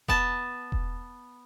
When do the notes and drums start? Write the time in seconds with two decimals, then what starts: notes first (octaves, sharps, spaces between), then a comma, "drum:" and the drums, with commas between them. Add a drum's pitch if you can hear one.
0.08 B3 A5, drum: kick E1
0.72 drum: kick E1